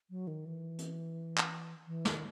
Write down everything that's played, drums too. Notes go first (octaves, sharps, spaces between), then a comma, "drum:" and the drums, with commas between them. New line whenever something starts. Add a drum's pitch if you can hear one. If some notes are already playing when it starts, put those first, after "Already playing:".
F#3
D#3
E3
drum: hi-hat
drum: clap
E3
D#3, drum: snare